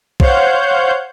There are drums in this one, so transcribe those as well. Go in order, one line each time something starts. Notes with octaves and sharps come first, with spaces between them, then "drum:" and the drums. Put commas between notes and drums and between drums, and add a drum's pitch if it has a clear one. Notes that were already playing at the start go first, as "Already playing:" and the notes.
C5 C#5 F5 F#5 G6, drum: kick